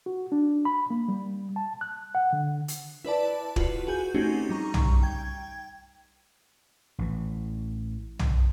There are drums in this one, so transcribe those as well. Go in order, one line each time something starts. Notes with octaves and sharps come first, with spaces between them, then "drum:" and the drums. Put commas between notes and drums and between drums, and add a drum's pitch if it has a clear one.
F#4
D4
B5
A#3
G3
A5
F#6
F#5
D3
drum: hi-hat
E4 B4 D5 A5
F4 F#4 B4, drum: kick
F#4 G#4 G#5 G6
A3 C4 C#4 D#4 F#4 G4
G3 D#4 A#5 C#6
drum: tom
G5 G#6
A1 E3
drum: tom